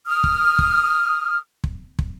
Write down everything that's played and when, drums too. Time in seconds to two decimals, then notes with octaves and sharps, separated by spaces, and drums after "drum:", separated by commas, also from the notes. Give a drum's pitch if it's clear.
0.06 D#6 F6
0.24 drum: kick
0.59 drum: kick
1.64 drum: kick
1.99 drum: kick